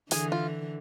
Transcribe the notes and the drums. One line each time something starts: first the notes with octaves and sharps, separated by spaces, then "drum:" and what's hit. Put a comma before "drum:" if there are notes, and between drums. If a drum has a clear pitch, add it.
D3 E3 G#4, drum: hi-hat
F4